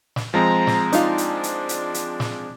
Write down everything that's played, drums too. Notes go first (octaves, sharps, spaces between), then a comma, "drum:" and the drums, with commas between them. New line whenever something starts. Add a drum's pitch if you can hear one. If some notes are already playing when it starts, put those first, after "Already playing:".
drum: snare
F3 G#3 C4 A#5
drum: snare
D4 D#4 F4, drum: hi-hat
drum: hi-hat
drum: hi-hat
drum: hi-hat
drum: hi-hat
drum: snare